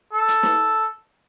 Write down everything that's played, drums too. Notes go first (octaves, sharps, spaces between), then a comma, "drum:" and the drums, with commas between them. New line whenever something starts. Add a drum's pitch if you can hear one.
A4
drum: hi-hat
drum: snare